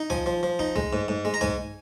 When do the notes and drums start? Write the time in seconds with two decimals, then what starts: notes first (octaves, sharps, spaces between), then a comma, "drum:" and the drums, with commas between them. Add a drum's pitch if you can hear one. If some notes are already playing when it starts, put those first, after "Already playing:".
Already playing: D#4
0.10 F3 G#5, drum: tom C2
0.26 F3
0.43 F3
0.59 D#4, drum: kick
0.76 G#3, drum: tom C2
0.93 G#2
1.08 G#2
1.25 G#3
1.34 A#5
1.41 G#2 G#5, drum: tom C2